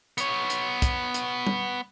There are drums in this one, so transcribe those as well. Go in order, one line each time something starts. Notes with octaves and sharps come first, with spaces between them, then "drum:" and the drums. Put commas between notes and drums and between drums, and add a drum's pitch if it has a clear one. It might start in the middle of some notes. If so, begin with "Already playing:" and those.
B3 C#5, drum: hi-hat
drum: hi-hat
drum: kick, hi-hat
drum: hi-hat
drum: tom G3